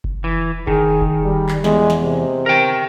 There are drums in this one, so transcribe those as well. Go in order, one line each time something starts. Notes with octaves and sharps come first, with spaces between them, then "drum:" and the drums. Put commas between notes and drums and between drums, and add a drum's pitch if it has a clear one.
drum: kick F1
E3
D#3 G#4, drum: kick F1
drum: kick F1
G3
drum: clap
E2 G#3, drum: snare
drum: snare
C3
A#4 G5